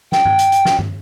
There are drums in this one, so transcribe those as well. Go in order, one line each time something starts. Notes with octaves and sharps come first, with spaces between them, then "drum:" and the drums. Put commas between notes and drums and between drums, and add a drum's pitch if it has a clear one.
G5, drum: snare
drum: tom G2
drum: hi-hat
drum: hi-hat
drum: snare
drum: tom G2